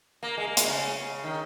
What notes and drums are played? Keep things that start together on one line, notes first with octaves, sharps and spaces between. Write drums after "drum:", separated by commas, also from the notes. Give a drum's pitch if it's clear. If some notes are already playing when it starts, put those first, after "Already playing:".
A#3
G#3
A#3
G#3, drum: hi-hat
C#3
D#3